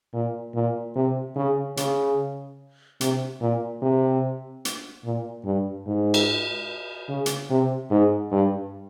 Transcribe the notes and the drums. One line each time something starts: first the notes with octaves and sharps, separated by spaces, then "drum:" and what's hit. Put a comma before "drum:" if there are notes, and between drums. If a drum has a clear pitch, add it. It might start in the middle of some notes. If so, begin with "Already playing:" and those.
A#2
A#2
C3
C#3
C#3, drum: hi-hat
C3, drum: hi-hat
A#2
C3
drum: hi-hat
A#2
G2
G#2
drum: cymbal
C#3
drum: hi-hat
C3
G#2
G2